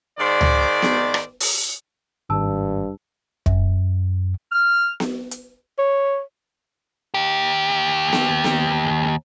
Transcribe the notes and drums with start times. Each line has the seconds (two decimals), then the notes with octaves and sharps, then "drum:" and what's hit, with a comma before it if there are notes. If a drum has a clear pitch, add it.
0.19 G#2 D#3 C5 D5
0.41 drum: tom C#2
0.82 drum: snare B3
1.14 drum: rim click
1.40 drum: open hi-hat
2.30 G#1 G2 A5 E6
3.46 F#2, drum: kick
4.52 F6
5.00 drum: snare B3
5.31 drum: hi-hat
5.79 C#5
7.14 D#2 G4
8.13 drum: snare B3
8.44 drum: snare B3